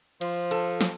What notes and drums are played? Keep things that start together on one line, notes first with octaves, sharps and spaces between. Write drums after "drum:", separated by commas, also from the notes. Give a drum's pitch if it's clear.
F3 C5, drum: cymbal
A4, drum: cymbal
drum: snare